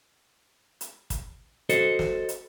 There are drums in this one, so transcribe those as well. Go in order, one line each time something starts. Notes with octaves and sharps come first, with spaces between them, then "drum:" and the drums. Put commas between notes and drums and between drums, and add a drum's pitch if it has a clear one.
drum: hi-hat
drum: kick, hi-hat
F#4 A4 C5 D#5, drum: hi-hat
drum: snare
drum: hi-hat